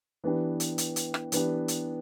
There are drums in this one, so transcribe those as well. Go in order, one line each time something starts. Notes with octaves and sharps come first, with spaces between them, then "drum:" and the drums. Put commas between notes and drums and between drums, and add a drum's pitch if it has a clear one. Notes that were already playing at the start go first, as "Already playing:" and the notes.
E3 B3 D4 G4
drum: hi-hat
drum: hi-hat
drum: hi-hat
drum: rim click
E3 B3 D4 G4, drum: hi-hat
drum: hi-hat